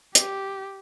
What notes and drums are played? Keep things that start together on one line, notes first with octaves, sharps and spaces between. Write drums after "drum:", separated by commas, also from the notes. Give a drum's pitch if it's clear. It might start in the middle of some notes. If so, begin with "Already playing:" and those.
G4, drum: hi-hat